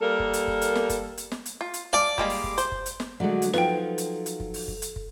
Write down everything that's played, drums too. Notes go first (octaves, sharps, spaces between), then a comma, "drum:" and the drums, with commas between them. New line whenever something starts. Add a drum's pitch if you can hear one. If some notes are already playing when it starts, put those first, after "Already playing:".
G3 A#3 A4 A#4
drum: kick
drum: hi-hat
drum: kick
drum: hi-hat
drum: snare
drum: kick, hi-hat
drum: hi-hat
drum: snare
drum: hi-hat
F4
drum: hi-hat
D5 F5 A5
G3 G#3 A#3, drum: kick
drum: open hi-hat
drum: kick
C5, drum: hi-hat
drum: kick
drum: hi-hat
drum: snare
D3 F#3 G#3 A3 D4 F#4
drum: hi-hat
F3 F#3 D#4 F4 A4 B4 G5, drum: snare
drum: hi-hat
drum: hi-hat
drum: kick
drum: open hi-hat
drum: kick
drum: hi-hat
drum: kick